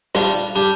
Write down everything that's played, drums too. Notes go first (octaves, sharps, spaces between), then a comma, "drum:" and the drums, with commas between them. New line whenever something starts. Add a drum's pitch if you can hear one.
G3 D4 F4, drum: snare
G3 D4 G4